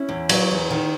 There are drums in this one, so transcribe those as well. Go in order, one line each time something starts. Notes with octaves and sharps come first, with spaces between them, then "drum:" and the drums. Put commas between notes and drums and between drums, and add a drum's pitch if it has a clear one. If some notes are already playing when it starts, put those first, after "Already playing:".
Already playing: C#4 E4
E2
F#3, drum: cymbal
E2
D#3